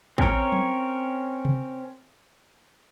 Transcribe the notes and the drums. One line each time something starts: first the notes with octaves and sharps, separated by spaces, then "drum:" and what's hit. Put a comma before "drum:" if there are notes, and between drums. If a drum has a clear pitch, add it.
C4 C#4 A#4 C#5, drum: kick
drum: tom F#3
drum: tom C3